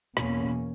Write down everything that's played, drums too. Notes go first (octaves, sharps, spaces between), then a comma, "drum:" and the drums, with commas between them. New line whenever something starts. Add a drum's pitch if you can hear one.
E2 B2 A#3 C#4, drum: rim click